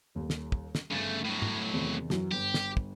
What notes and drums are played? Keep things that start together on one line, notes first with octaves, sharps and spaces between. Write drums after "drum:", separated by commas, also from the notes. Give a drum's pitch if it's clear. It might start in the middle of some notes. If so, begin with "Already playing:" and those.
D#1 D#2
drum: snare
drum: kick
drum: snare
G1 C#3 A3 A6 D#7
A2 F#3
drum: tom
E2 C3 D#3
F#2 E3 F#3, drum: snare
G1 G4
drum: snare
drum: kick